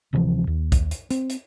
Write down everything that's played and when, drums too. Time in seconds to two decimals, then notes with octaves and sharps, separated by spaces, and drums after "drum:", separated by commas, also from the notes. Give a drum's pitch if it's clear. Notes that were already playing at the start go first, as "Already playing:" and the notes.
0.13 D1 C3 E3 F3
0.47 D#2
0.72 drum: kick B1, hi-hat
0.91 drum: hi-hat
1.10 C4, drum: hi-hat
1.30 drum: hi-hat